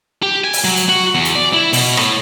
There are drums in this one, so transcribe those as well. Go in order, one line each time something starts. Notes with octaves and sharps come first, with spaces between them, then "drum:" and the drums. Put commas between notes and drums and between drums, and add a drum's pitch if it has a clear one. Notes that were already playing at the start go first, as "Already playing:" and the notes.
G4
G#5
drum: open hi-hat
F#3
drum: hi-hat
F#4
E2
drum: hi-hat
D5
E4
B2, drum: open hi-hat
A2, drum: rim click